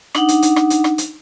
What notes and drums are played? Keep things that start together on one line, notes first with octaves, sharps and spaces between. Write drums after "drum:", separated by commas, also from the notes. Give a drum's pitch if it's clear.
D4 D#4 F#5, drum: rim click
drum: hi-hat
drum: hi-hat
drum: rim click
drum: hi-hat
drum: rim click
drum: hi-hat